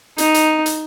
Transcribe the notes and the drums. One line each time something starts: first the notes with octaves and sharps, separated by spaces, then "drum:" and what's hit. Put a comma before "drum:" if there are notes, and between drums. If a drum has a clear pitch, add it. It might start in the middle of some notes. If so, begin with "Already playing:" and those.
D#4, drum: hi-hat
drum: hi-hat
drum: hi-hat